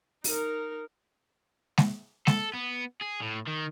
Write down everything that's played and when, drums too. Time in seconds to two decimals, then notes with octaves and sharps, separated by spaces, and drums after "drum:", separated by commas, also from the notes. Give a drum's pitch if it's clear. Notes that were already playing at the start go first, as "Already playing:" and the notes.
0.24 D#4 A#4, drum: open hi-hat
1.78 drum: snare G#3
2.27 A4, drum: snare G#3
2.54 B3
3.01 G#4
3.22 A2
3.47 D#3